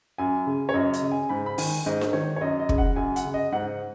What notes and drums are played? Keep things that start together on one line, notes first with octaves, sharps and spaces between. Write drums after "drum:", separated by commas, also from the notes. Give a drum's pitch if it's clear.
F#2 G#5
C#3
C#5
F#2 D#5
D#5, drum: hi-hat
C#3
G#5
G#2 B5
B5
D#3 G#5, drum: open hi-hat
G#2 D#5
drum: snare D4
D#3 C#5
C#5
F#2 D#5
D#5
C#3, drum: kick
F#5
F#2 G#5
F#5, drum: hi-hat
C#3
D#5
G#2 F#5